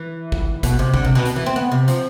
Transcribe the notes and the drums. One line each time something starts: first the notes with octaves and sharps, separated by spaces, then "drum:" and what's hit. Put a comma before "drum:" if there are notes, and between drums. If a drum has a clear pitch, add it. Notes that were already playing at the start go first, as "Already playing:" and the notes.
Already playing: E3
drum: kick
B2, drum: kick, hi-hat
C3
D3, drum: kick
C3
B2
drum: hi-hat
E3
C4
B3
C3
F3, drum: hi-hat